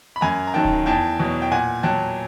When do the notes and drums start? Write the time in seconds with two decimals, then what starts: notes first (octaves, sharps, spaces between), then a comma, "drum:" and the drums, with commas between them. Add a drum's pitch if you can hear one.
0.16 B5
0.21 F#2 G#5 A#5
0.47 A#5
0.54 D#3 F#3 G5 A5
0.65 drum: kick D1
0.86 E2 G5 A5
1.19 B2 F#3
1.42 G5
1.51 A#2 F#5 G#5
1.83 F#3 G5 A5